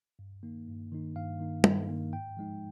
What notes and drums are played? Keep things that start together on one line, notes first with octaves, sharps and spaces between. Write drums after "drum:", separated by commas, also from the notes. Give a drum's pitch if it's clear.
G2
D#3 A#3 D#4
G2
D#3 A#3 D#4
G2 F5
D#3 A#3 D#4
G2, drum: tom
D#3 A#3 D#4
G#2 G5
F3 G#3 D#4